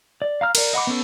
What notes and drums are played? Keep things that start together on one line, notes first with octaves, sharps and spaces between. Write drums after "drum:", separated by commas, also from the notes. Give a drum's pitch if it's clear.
D5
F5 A#5 F6
A#4 D5, drum: cymbal
D#5 F#5 B5 D6
B3 C#4 A4